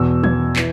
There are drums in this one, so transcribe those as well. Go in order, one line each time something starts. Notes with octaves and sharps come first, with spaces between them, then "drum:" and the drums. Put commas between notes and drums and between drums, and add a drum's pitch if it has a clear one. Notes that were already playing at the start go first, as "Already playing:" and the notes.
Already playing: E2 B2 E6
G#6, drum: tom D#3
E3, drum: clap